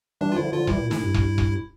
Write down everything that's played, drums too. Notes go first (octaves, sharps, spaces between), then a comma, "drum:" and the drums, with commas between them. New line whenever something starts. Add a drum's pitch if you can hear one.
E3 G3 D4
F4
D3 F3 E4
E3
D3 F3 F4
F3
E3 G3 E4, drum: kick E1
A#2
A2 E4, drum: snare
G2
drum: kick E1
drum: kick E1